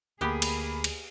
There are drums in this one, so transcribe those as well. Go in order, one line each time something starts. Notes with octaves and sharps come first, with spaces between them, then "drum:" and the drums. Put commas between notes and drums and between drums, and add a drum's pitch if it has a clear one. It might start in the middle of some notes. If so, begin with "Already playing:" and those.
D2 A#3 B3 G4 G#4 B5
drum: cymbal
drum: cymbal